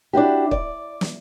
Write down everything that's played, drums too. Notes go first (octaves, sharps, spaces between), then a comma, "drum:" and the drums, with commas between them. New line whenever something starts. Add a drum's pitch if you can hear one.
D4 E4 F#4 G4
D5, drum: kick
drum: snare